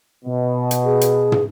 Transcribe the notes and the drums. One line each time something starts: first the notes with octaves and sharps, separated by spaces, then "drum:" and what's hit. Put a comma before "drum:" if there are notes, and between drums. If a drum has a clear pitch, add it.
B2
drum: hi-hat
G#4
drum: hi-hat
drum: tom